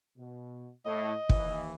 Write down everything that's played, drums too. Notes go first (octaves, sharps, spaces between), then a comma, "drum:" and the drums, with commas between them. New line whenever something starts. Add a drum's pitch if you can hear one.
B2
A2 D#5
D#2 E3, drum: kick